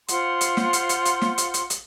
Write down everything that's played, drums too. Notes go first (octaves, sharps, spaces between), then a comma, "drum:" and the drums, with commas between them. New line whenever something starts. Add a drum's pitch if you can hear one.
F4 C5 F#5 C6, drum: hi-hat
drum: hi-hat
drum: snare
drum: hi-hat
drum: hi-hat
drum: hi-hat
drum: snare
drum: hi-hat
drum: hi-hat
drum: hi-hat